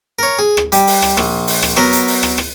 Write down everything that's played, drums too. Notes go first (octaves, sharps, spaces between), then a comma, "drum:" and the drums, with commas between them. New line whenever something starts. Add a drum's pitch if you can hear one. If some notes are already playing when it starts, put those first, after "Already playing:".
A#4 C#5
G#4
drum: rim click
G3, drum: hi-hat
drum: open hi-hat
drum: rim click
A#1, drum: rim click
drum: open hi-hat
drum: rim click
F#3 B3 A#4, drum: rim click
drum: hi-hat
drum: open hi-hat
drum: rim click
drum: rim click